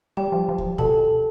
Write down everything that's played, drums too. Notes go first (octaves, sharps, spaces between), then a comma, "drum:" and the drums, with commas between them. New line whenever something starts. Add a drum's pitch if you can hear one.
G3 G4 G5
F3
F3
drum: kick
B2 A4 A5, drum: kick